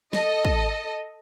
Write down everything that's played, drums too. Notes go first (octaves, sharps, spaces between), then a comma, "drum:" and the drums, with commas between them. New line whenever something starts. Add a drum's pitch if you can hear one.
A4 D#5, drum: snare
drum: kick